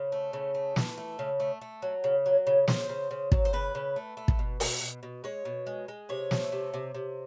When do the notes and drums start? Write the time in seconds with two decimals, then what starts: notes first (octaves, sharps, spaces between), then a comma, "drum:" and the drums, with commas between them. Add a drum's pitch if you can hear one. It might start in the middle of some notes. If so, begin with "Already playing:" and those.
Already playing: C#3 C5
0.12 A3
0.33 C#3
0.55 A3
0.76 E3, drum: snare
0.98 A3
1.19 C#3
1.40 A3
1.61 A3
1.82 F#3
2.04 C#3
2.26 F#3
2.47 C#3
2.68 C#3 C5, drum: snare
2.89 C#3
3.11 C#3
3.32 F#3, drum: kick
3.45 C5
3.53 C#3 B4
3.75 C#3
3.96 A3
4.17 A3
4.28 drum: kick
4.39 B2
4.60 B2, drum: open hi-hat
4.81 B2
5.03 B2
5.24 G#3 C#5
5.45 B2
5.67 G#3
5.88 G#3
6.09 C3 C#5
6.31 A3, drum: snare
6.52 C3
6.74 C3
6.95 C3